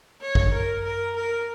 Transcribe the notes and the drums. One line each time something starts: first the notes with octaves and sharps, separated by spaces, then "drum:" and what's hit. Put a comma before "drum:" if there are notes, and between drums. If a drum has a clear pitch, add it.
C#5
drum: kick
A#4
A#4
A#4